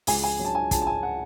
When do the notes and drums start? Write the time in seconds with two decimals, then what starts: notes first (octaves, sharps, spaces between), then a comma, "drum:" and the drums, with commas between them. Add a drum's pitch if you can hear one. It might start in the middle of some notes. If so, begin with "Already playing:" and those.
0.07 C#2 G#5, drum: open hi-hat
0.23 G#5
0.39 F#3
0.45 A5
0.55 G#5
0.71 C#2 A5, drum: kick, hi-hat
0.82 A5
0.87 G#5
1.03 F#5